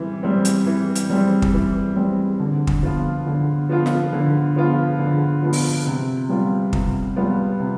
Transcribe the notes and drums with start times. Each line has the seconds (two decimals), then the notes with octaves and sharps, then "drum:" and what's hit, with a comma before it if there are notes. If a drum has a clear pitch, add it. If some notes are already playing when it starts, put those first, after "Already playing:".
Already playing: E3 G3 C4
0.23 G3 C4
0.45 drum: hi-hat
0.66 E3
0.95 drum: hi-hat
1.10 G3 C4
1.42 drum: kick
1.53 E3
1.96 G3 C4
2.40 D3
2.67 drum: kick
2.83 F3 B3 F4
3.26 D3
3.69 F3 B3 F4
3.86 drum: snare
4.13 D3
4.56 F3 B3 F4
4.99 D3
5.43 F3 B3 F4
5.53 drum: open hi-hat
5.86 C3
6.29 G3 B3 F4
6.73 C3, drum: kick
7.16 G3 B3 F4
7.60 C3